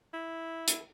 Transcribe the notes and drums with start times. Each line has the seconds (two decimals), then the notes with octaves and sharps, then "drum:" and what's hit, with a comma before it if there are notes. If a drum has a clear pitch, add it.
0.14 E4
0.68 drum: hi-hat